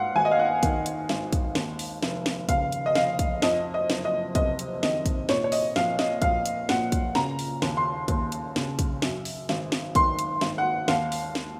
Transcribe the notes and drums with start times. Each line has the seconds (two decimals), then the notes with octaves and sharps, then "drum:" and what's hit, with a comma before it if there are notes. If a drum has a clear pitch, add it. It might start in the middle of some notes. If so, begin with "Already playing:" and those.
Already playing: G#2 F5 F#5
0.15 G#1 G#5
0.25 D#5
0.31 F5
0.39 F#5
0.63 D#3, drum: kick, hi-hat
0.86 drum: hi-hat
1.09 G#1, drum: snare
1.33 drum: kick, hi-hat
1.55 D#2, drum: snare
1.79 drum: open hi-hat
2.03 F1, drum: snare
2.26 drum: snare
2.49 C#3 F5, drum: kick, hi-hat
2.72 drum: hi-hat
2.86 D#5
2.95 F1 F5, drum: snare
3.19 drum: kick, hi-hat
3.42 F2 D#5, drum: snare
3.74 D#5
3.90 F#1, drum: snare
4.05 D#5
4.35 C3 D#5, drum: kick, hi-hat
4.59 drum: hi-hat
4.83 D#3 D#5, drum: snare
5.06 drum: kick, hi-hat
5.29 A#2 C#5, drum: snare
5.44 C#5
5.52 D#5, drum: open hi-hat
5.76 A#1 F5, drum: snare
5.99 D#5, drum: snare
6.22 A#1 F5, drum: kick, hi-hat
6.46 drum: hi-hat
6.69 A#2 F#5, drum: snare
6.92 drum: kick, hi-hat
7.15 C#3 A#5, drum: snare
7.39 drum: open hi-hat
7.62 D#2, drum: snare
7.77 C6
8.08 D#2, drum: kick, hi-hat
8.32 drum: hi-hat
8.56 C#3, drum: snare
8.79 drum: kick, hi-hat
9.02 F#2, drum: snare
9.25 drum: open hi-hat
9.49 G#1, drum: snare
9.72 drum: snare
9.95 D#3 C6, drum: kick, hi-hat
10.19 drum: hi-hat
10.41 G#1, drum: snare
10.58 F#5
10.88 D#2 F5, drum: snare
11.12 drum: open hi-hat
11.35 drum: snare